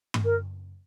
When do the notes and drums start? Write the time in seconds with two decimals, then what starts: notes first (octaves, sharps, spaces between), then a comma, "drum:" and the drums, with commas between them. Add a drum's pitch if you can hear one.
0.14 drum: tom G2
0.25 A#4